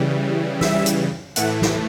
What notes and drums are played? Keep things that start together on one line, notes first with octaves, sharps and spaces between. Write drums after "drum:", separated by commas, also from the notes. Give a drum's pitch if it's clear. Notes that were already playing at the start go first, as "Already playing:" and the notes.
Already playing: C#3 E3 G3
E5, drum: snare
drum: hi-hat
A2 E3 A3 F#5, drum: hi-hat
drum: snare